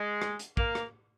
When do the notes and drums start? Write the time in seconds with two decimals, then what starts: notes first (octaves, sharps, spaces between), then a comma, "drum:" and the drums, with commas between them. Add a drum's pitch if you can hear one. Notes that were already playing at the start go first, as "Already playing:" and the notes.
Already playing: G#3
0.22 drum: rim click
0.39 drum: hi-hat
0.57 A#3, drum: kick
0.75 drum: rim click